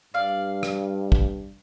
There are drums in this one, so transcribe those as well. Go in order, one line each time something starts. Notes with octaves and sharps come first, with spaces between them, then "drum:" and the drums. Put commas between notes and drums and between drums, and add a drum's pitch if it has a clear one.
G2 D5 F5
drum: rim click
drum: kick